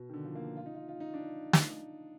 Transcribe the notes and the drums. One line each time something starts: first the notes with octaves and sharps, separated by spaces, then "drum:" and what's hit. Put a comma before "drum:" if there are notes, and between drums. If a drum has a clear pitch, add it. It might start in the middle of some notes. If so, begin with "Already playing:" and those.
Already playing: B2
D#3
D3
F3
A#3
F4
D#4
F4
F4
D#4
D4
drum: snare